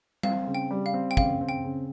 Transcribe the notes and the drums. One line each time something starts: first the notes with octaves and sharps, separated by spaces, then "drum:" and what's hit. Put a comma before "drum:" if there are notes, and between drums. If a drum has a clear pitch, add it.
C4 F5, drum: tom G3
C#3
G5
G3
F5
C4
G5
C#3 F5, drum: kick
C4
G5
C#3